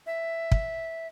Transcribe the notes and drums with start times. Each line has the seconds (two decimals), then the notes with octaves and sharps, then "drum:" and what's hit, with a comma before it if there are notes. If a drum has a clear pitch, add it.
0.07 E5
0.52 drum: kick